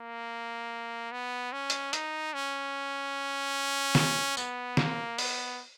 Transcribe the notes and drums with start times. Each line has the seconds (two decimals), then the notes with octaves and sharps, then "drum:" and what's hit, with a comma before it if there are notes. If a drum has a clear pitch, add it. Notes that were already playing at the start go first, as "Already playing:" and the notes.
Already playing: A#3
1.12 B3
1.53 C#4
1.70 drum: hi-hat
1.93 D#4, drum: hi-hat
2.34 C#4
3.95 drum: snare
4.37 B3, drum: tambourine
4.77 A#3, drum: snare
5.18 B3, drum: open hi-hat